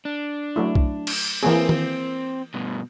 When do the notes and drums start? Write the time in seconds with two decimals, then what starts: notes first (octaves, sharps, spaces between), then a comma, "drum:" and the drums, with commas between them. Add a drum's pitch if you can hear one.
0.05 D4
0.56 F#3 A3 E4
0.75 drum: kick B1
1.07 drum: cymbal
1.43 E3 A#3 C4 G#4
1.69 drum: tom D#3
2.54 G2 B2